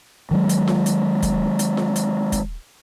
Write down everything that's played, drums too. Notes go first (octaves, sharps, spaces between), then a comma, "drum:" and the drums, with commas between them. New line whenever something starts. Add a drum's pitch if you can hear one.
D#3 F#3 G#3
drum: hi-hat
drum: snare F4
drum: hi-hat
drum: kick, hi-hat
drum: hi-hat
drum: snare F4
drum: hi-hat
drum: kick, hi-hat